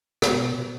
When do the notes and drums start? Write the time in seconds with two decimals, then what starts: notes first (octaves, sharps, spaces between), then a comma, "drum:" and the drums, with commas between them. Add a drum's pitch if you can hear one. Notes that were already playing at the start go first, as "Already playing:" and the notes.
0.22 B2, drum: rim click